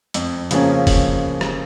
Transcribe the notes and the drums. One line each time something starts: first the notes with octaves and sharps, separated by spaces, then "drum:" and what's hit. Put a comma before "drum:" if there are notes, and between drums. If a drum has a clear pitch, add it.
F2, drum: hi-hat
C#3 F3 A#3 C#4, drum: hi-hat
drum: kick F1, open hi-hat
drum: rim click